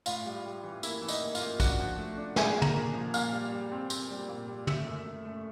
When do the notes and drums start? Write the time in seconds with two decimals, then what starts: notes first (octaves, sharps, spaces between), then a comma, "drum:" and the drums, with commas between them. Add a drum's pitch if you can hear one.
0.06 A2 F4 F5, drum: tambourine
0.26 G3
0.45 G3
0.64 E3
0.83 A#3 E4 E5, drum: tambourine
1.02 E3
1.08 D#4 D#5, drum: tambourine
1.22 A#3
1.35 F4 F5, drum: tambourine
1.40 A#3
1.60 D4 F#4 F#5, drum: kick, tambourine
1.80 F3
1.98 A3
2.17 D4
2.36 D4 G#4 G#5, drum: snare
2.56 A#2
2.62 A#4 A#5, drum: tom
2.75 A#2
2.94 F3
3.14 A#2 F5 F6, drum: tambourine
3.32 G3
3.52 G3
3.72 C4
3.90 C4, drum: tambourine
4.10 G3
4.29 A#2
4.48 G3
4.67 A3 E5 E6, drum: tom
4.87 F#2
5.06 A3
5.25 A3